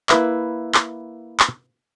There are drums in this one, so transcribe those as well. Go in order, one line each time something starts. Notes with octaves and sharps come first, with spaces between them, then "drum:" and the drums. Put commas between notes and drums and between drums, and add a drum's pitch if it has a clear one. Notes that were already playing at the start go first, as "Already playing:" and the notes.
A#3 E4 B4 E5, drum: clap
drum: clap
drum: clap